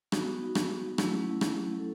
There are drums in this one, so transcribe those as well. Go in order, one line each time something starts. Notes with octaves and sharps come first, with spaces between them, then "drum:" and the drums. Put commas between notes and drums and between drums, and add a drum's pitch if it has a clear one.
B3 D#4 F#4, drum: rim click
drum: rim click
F#3 A3 C#4 E4, drum: rim click
drum: rim click
A4